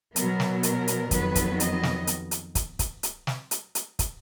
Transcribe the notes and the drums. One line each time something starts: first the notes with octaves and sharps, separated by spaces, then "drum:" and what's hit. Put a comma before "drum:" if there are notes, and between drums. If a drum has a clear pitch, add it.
B2 F#3 B3 A#4, drum: hi-hat
drum: snare
A#4, drum: hi-hat
drum: hi-hat
F2 D#3 F#3 B3 B4, drum: kick, hi-hat
drum: kick, hi-hat
D#5, drum: hi-hat
drum: snare
drum: hi-hat
drum: hi-hat
drum: kick, hi-hat
drum: kick, hi-hat
drum: hi-hat
drum: snare
drum: hi-hat
drum: hi-hat
drum: kick, hi-hat